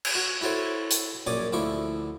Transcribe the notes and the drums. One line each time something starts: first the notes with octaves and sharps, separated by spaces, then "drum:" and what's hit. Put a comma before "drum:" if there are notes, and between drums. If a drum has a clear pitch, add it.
drum: cymbal
F#4
E4 F#4 A4 C5 C#5
drum: hi-hat
A#1 F#2 C#5 D5 D6 D#6
D2 D3 F3 E4 G5 C#6